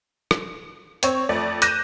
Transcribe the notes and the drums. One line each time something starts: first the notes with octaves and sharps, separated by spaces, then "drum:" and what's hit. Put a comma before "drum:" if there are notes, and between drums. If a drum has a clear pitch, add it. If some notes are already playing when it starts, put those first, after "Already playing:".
drum: rim click
C4 C#5, drum: hi-hat
F2 A3 D5
D6 F#6 G6 A#6 D#7 E7, drum: hi-hat